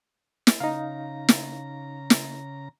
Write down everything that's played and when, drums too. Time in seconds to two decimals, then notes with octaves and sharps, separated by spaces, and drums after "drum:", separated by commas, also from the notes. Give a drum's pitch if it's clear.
0.47 drum: snare
0.60 C#3 D#4 F5 A#5
1.29 drum: snare
2.10 drum: snare